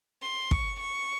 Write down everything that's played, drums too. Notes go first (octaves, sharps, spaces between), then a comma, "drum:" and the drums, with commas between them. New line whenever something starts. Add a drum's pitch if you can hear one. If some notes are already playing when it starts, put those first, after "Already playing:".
C6
C#6, drum: kick
C#6